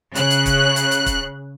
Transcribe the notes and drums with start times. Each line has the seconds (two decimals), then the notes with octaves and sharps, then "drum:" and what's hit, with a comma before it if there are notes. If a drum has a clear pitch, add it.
0.15 C#3 F#6, drum: hi-hat
0.31 drum: hi-hat
0.46 drum: kick, hi-hat
0.76 drum: hi-hat
0.91 drum: hi-hat
1.06 drum: kick, hi-hat